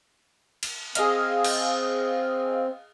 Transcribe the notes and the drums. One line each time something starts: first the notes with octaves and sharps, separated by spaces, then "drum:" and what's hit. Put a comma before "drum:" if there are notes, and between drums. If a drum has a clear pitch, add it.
drum: cymbal
C4 G#4 D#5 F5, drum: hi-hat
drum: cymbal